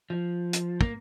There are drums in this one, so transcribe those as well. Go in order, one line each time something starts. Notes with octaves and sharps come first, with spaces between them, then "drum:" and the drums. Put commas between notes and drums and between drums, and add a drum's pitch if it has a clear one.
F3
drum: hi-hat
A#3, drum: kick